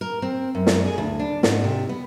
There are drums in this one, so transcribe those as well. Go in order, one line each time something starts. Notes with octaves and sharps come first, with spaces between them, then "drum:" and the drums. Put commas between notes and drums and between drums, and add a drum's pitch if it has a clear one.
A#4
C4
F#2
drum: snare
G#4
D2
D4
G#2, drum: snare
C3
B3